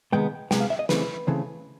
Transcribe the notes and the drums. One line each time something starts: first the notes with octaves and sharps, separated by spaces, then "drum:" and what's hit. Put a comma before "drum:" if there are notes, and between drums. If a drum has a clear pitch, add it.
C3 D#3 G#3 B3 G5
C3 D#3 G#3 B3 G5, drum: snare
F5
E5
D#5
C#3 E3 A3 C4 B4, drum: snare
C#3 E3 A3 C4